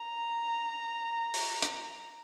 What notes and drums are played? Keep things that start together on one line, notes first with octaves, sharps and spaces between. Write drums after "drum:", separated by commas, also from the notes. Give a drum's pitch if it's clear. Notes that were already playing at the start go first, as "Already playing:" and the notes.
Already playing: A#5
drum: open hi-hat
drum: hi-hat